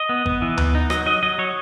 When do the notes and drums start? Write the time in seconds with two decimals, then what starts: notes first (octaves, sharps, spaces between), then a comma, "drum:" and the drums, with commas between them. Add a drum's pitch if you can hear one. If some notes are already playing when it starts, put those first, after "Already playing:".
Already playing: D#5
0.09 B3
0.26 B3, drum: kick G#1
0.42 E3
0.58 B3, drum: tom D2
0.75 D#4
0.90 F#3 D#5, drum: rim click
1.06 F#3 D#5
1.23 F#3 D#5
1.38 F#3 C#5